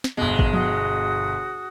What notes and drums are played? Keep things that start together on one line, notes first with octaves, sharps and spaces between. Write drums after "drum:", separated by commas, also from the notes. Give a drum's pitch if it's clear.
drum: snare
G1 B2 G#3
drum: kick
F#4 D#6, drum: tom F3